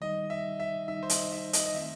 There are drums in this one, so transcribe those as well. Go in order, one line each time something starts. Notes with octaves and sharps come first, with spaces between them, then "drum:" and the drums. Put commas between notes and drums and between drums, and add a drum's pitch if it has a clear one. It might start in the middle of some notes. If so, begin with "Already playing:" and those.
D#3 G3 D#4 D#5
E5
E5
D#3 G3 D#4 E5
C5
D#5, drum: hi-hat
E5
D#5, drum: hi-hat
D#5
D#3 A3 C4 E5